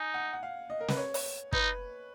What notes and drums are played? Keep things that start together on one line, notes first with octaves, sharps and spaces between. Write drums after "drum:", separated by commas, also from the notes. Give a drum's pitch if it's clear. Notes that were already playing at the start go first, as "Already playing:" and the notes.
Already playing: D#4 G#5
F#5
F#5
F5
D#5
A#4
B4, drum: snare
C#5
drum: open hi-hat
D#4 B4, drum: kick